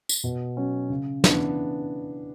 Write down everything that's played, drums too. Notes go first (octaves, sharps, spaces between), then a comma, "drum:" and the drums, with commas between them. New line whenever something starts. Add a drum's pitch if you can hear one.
drum: tambourine
B2
F#3 C#4
C#3
E3 B3 D4, drum: snare